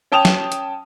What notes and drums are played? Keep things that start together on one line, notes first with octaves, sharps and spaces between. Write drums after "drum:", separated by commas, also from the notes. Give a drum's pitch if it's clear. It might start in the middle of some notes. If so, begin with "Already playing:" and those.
C#4 G5 A5 D#6 F7
drum: snare
drum: hi-hat